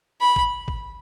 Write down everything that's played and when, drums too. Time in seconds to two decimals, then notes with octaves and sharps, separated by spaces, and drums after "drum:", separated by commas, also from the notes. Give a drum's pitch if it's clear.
0.21 B5
0.36 drum: kick
0.68 drum: kick